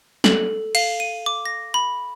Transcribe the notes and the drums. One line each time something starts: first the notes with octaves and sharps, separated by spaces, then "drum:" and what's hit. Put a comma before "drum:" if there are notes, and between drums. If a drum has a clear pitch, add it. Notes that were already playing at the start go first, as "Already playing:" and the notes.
A4, drum: snare
F5, drum: cymbal
D#7
D6
A#6
B5